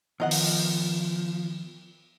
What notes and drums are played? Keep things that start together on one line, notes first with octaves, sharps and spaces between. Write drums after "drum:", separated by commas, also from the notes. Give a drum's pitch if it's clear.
D#3 F3 B3 A#4 D#5 F#5
drum: open hi-hat